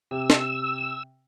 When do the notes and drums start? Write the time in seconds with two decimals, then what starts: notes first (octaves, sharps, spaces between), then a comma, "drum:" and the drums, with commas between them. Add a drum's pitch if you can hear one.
0.11 C3 E6
0.30 drum: snare